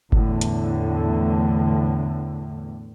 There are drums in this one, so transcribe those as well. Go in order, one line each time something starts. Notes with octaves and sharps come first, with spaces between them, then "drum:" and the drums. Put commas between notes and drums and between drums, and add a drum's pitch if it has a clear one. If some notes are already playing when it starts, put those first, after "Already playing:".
E2 A2 D3, drum: kick G1
drum: hi-hat